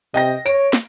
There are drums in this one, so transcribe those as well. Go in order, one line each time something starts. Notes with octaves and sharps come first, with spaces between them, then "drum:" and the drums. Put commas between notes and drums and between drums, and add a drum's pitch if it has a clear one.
C3 D#5 G5 A#6
C#5 D7, drum: tambourine
drum: snare